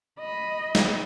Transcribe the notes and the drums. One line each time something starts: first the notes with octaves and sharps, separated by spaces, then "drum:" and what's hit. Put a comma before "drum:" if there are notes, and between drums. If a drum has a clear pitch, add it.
D#5 B5
drum: snare